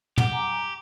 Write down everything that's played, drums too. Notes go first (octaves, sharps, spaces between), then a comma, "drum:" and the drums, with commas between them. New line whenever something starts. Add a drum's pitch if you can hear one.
G4 F#5, drum: tom
G#5 A#5 D6